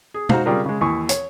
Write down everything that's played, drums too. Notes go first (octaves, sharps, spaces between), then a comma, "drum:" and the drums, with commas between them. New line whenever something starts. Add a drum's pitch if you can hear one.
G#4
D#4 F#4 C5 F5, drum: tom
C#3 G3 F4 G#4 A#4
C#3 G#3
D#2 E3 G#5 C#6
C#5, drum: hi-hat